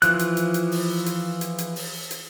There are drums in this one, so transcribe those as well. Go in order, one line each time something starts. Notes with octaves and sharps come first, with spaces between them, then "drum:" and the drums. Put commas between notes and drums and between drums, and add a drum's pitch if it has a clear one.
E3 F3 F#6, drum: hi-hat
drum: hi-hat
drum: hi-hat
drum: hi-hat
drum: open hi-hat
drum: hi-hat
drum: hi-hat
drum: hi-hat
drum: open hi-hat
drum: hi-hat